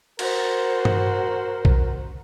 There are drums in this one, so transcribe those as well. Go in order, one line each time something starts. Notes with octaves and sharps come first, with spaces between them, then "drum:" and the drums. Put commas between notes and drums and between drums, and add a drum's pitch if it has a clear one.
F#4 A#4 C5, drum: cymbal
drum: tom G2
drum: kick B1